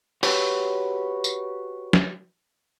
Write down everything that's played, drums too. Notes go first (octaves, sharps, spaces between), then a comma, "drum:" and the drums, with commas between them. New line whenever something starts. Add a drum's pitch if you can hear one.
F#4 G4 B4 C#5, drum: open hi-hat
drum: tambourine
drum: snare